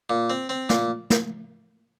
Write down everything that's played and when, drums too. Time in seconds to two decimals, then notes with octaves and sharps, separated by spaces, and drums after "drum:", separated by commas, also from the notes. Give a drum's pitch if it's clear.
0.10 A#2
0.30 C4
0.49 C4
0.69 A#2, drum: snare
1.10 drum: snare